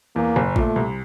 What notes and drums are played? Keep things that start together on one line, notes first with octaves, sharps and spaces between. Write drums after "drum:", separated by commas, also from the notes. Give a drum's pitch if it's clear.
E2 A#3
F#1
A#2 A3, drum: kick A1
C2